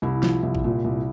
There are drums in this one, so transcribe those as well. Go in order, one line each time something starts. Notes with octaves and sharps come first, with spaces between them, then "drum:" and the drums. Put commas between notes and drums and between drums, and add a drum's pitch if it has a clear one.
C2 E4
F3, drum: snare
C2
drum: kick
A#2
C2